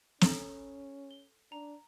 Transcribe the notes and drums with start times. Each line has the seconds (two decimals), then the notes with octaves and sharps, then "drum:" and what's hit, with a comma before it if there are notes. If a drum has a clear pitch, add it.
0.21 C#4 A4 A#5, drum: snare
1.11 G7
1.52 D4 A#5